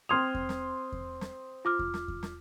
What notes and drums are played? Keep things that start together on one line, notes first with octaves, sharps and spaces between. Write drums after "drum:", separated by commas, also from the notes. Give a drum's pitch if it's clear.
C4 C6 D#6 F6 G#6 F7
drum: kick E2
drum: snare
drum: kick E2
drum: snare
F4 D6 F6
drum: kick E2
drum: snare
drum: kick E2
drum: snare